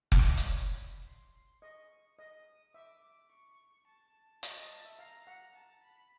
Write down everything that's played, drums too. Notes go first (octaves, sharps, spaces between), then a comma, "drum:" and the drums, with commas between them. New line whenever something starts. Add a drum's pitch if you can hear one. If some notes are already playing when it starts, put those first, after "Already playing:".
E5, drum: kick F1
D#5
D5, drum: hi-hat
C#5 B5
C6
D#5 C#6
D#5 D#6
E5 D6
C#6
A5
D#5 A5, drum: hi-hat
D#5
E5
F5 A#5
F#5
A5
B5